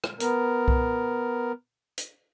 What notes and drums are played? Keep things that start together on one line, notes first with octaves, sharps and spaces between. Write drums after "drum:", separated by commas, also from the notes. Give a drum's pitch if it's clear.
drum: rim click
B3 A#4, drum: hi-hat
drum: kick C2
drum: hi-hat